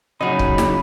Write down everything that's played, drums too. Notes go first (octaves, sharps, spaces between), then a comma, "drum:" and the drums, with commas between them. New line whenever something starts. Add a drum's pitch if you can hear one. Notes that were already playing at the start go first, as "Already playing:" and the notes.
C#3 F#3 D#4 G#4 D#5 B5
drum: kick C#1
drum: snare